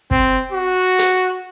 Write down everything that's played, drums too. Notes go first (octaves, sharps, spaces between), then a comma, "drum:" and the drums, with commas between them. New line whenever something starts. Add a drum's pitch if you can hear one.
C4, drum: kick
F#4
drum: hi-hat